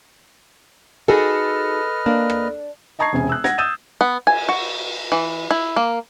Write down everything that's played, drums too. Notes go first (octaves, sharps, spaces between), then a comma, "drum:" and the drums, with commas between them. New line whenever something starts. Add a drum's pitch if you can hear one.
D#4 F#4 G#4 A4 B4 D#5 F6
A#3 D4
drum: rim click
D#5 A5 A#5 C#6 G#6 C7
E1 C3 C#4 G#5
E6 F#6
F#5 G#6 A#6, drum: snare
D#6 E6 G6 A6 D#7 E7
B3
G#5, drum: cymbal
F#4
E3
E4
A#3